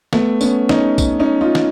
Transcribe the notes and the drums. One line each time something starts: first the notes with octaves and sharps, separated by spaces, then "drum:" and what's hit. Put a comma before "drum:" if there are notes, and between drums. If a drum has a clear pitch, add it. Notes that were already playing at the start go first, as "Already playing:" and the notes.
A3 B3, drum: snare
B3 C#4, drum: tambourine
C#4 D#4, drum: snare
drum: kick, tambourine
C#4 D#4
D#4 F4
drum: snare